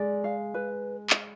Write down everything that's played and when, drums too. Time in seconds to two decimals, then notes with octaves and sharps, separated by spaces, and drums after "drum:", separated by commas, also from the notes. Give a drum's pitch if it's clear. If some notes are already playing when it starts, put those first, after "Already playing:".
Already playing: G#3 D5
0.24 F5
0.54 B4
1.10 drum: clap